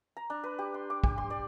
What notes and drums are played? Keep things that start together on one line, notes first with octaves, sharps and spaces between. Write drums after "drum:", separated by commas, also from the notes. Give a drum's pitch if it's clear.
A#5
D4
B4
G4
C6
D6
G4, drum: kick
C6
D5